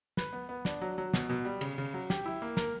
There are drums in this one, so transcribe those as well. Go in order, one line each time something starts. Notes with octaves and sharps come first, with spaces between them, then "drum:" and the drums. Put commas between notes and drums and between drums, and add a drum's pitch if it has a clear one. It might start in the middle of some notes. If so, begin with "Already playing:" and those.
B4, drum: snare
B3
B3
D4, drum: snare
F#3
F#3
B2, drum: snare
B2
G3
C#3, drum: cymbal
C#3
F#3
G4, drum: snare
E4
A#3
A#4, drum: snare